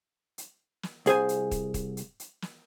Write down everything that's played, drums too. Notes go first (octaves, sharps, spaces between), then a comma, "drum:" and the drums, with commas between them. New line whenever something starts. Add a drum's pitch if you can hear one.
drum: hi-hat
drum: snare
C2 G#4 C5 G#5, drum: hi-hat
drum: hi-hat
drum: kick, hi-hat
drum: kick, hi-hat
drum: hi-hat
drum: hi-hat
drum: snare